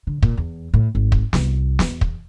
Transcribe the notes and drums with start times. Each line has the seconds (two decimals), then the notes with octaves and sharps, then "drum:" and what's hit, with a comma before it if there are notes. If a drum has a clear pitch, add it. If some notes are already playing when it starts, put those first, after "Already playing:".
0.07 D3
0.23 A#2, drum: kick
0.37 E2
0.74 A2
0.95 G#1
1.12 drum: kick
1.33 C2, drum: snare
1.79 drum: snare
1.88 E2
2.01 drum: kick